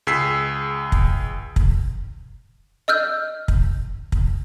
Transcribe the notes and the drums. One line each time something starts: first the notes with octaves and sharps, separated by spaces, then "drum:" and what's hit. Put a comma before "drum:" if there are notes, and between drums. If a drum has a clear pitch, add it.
C#2 G#4 E6 B6 C7
drum: kick
drum: kick
D#5 E6 F6 G6
drum: kick
drum: kick